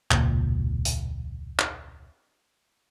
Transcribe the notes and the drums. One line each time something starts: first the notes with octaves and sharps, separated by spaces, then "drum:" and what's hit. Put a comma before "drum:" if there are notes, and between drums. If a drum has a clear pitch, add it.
E1 C#2 A#2, drum: clap
drum: hi-hat
drum: clap